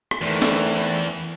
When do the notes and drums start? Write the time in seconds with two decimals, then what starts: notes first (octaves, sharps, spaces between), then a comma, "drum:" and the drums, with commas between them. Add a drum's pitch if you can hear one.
0.11 drum: rim click
0.21 E2 G#2 D#3 E3 A3
0.42 drum: snare